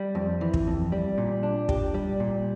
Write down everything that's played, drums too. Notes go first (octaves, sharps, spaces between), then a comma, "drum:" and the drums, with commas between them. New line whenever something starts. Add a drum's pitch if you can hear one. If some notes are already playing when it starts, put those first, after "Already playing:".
Already playing: G3
F2
E3
drum: kick
F2
G3
A#2
D4
G4, drum: kick
G3
A#2